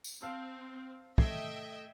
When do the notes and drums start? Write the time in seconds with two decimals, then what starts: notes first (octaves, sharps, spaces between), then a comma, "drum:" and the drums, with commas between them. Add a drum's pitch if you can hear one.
0.04 drum: tambourine
0.22 C4 F5 A5 E6
1.18 A3 D#5 E5 G5 G#6 C7, drum: kick